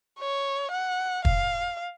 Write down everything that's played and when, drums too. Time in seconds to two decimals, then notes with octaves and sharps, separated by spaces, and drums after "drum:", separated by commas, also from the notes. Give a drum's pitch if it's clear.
0.19 C#5
0.71 F#5
1.25 F5, drum: kick